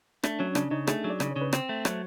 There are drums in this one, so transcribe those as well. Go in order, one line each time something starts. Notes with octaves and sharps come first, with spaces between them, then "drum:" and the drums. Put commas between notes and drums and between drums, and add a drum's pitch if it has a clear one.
A3 D4, drum: rim click
F#3 C#4
C#3 D4, drum: rim click
C#3 D#4
A3 G#4, drum: rim click
F#3
D5
C#3, drum: rim click
C#5
C#3
B4
C4 C5, drum: rim click
A3
F#3, drum: rim click